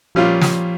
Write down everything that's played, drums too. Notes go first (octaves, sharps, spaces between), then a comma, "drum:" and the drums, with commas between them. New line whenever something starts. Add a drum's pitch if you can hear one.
A#2 F3 G3 C#4 F4
drum: snare